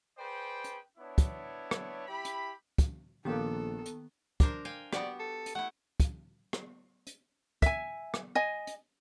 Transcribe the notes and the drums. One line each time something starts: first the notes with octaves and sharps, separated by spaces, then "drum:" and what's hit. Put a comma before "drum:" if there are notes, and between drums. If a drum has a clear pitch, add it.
G#4 B4 C5 D5 G5
drum: hi-hat
B3 D4 E4 C#5
drum: kick, hi-hat
drum: rim click
E4 G4 B5
drum: hi-hat
drum: kick, hi-hat
A#1 D#3 A#3 B3 G4 A4
drum: hi-hat
D4 A#4 C5, drum: kick, hi-hat
F5 G5 G#5
B3 F#4 G4 D5, drum: rim click
A4
drum: hi-hat
A3 E4 F#5
drum: kick, hi-hat
drum: rim click
drum: hi-hat
E5 G#5, drum: kick, hi-hat
drum: rim click
D#5 G#5
drum: hi-hat